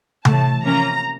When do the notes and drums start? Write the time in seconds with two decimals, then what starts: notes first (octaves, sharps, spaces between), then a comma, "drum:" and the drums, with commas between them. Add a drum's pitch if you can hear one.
0.25 A2 E3 A3 A5, drum: tom C3
0.63 C3 F3 A#3 C#4 A#5